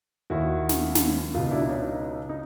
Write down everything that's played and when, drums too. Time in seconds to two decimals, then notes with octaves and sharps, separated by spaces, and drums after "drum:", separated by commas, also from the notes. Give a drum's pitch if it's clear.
0.30 D#2 D#3 E4 F#4
0.69 drum: snare
0.95 drum: snare
1.34 C#2 B2 D#4 F4
1.51 D4 E4
1.69 C#4 D#4
2.29 D#4